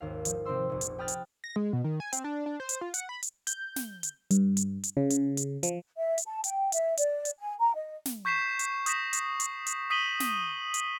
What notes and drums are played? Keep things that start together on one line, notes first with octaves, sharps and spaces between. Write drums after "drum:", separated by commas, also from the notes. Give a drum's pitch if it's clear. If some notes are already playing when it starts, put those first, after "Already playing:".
G#1 D#2 F5
F3, drum: hi-hat
C3 C4 D#4 C5 C6 E6
F1 A#1
drum: hi-hat
G5 B5 D#6 F6 F#6 A6
drum: hi-hat
A#6
G#3
B2
D#3
G#5
C4, drum: hi-hat
D4
D4
C5
drum: hi-hat
F4
F#5, drum: hi-hat
B5
drum: hi-hat
G6, drum: hi-hat
drum: snare
drum: hi-hat
G2, drum: hi-hat
drum: hi-hat
drum: hi-hat
C#3
drum: hi-hat
drum: hi-hat
F3, drum: hi-hat
E5
drum: hi-hat
A5
G5, drum: hi-hat
E5, drum: hi-hat
D5, drum: hi-hat
drum: hi-hat
G#5
A#5
D#5
drum: snare
C#6 G6 B6 C7 E7
drum: hi-hat
D#6 G6 A#6 B6 E7, drum: hi-hat
drum: hi-hat
drum: hi-hat
drum: hi-hat
D#6 B6 D#7 F#7 G7
drum: snare
drum: hi-hat